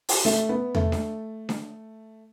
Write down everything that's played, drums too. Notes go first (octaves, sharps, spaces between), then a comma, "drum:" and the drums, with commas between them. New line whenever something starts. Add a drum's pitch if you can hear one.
drum: open hi-hat
A3, drum: snare D4
B3
A3, drum: tom E2
drum: snare D4
drum: snare D4